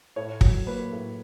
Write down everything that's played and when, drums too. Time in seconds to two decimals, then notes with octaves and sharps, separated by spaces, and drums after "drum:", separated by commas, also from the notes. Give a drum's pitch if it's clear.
0.16 A2 C#5
0.41 F#3, drum: kick
0.67 A#3 B4
0.92 A2